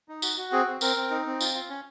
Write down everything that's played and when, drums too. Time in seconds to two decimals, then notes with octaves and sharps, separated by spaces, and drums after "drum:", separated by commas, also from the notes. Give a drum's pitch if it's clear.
0.09 D#4
0.22 F#4, drum: tambourine
0.38 F#4
0.52 C4 G#4
0.67 C4
0.81 C4 A#4, drum: tambourine
0.97 C4
1.11 D#4
1.26 C4
1.41 F4, drum: tambourine
1.55 F4
1.69 C#4